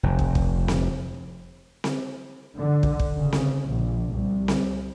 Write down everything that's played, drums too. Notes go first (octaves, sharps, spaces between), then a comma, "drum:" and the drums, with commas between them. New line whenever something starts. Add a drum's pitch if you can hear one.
F1
drum: kick
drum: kick
drum: snare C4
drum: snare C4
D3
drum: kick
drum: kick
C#3
drum: snare C4
A#1
C2
drum: snare C4